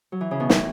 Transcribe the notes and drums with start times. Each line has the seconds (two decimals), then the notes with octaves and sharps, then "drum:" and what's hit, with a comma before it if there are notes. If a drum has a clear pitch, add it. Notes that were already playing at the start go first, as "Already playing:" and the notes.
0.12 F#3
0.21 E3
0.31 C#3
0.40 B2
0.50 A2, drum: snare